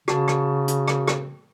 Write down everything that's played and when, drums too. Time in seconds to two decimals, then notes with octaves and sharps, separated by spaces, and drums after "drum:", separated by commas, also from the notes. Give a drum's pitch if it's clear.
0.08 C#3 F#4 A5, drum: rim click
0.28 drum: rim click
0.68 drum: hi-hat
0.88 drum: rim click
1.08 drum: rim click